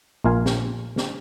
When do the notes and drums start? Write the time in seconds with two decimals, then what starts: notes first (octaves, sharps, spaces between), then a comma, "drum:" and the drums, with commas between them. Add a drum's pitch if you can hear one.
0.24 A#1 A#3 F4 F5 G#5
0.46 drum: snare
0.98 drum: snare